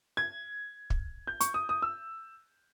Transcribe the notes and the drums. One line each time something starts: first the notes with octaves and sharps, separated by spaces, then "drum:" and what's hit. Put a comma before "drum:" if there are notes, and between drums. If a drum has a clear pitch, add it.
G#6
drum: kick
G6
C#6, drum: hi-hat
D#6
D#6
E6